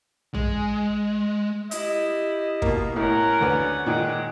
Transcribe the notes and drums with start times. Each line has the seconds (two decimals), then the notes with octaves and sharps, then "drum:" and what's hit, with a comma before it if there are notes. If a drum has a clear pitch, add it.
0.35 G#3, drum: tom A#1
1.71 E4 G4 D#5, drum: hi-hat
2.62 B2 A#3, drum: kick
2.96 A2 C#4 A#4 F#5
3.41 D2 D3 B4
3.86 A#2 D#3 G#3 D#4 F#5